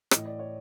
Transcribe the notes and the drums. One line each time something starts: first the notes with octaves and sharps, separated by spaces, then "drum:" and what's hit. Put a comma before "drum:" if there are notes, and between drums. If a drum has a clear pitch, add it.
A2 E3 D#5, drum: rim click
D5
C#5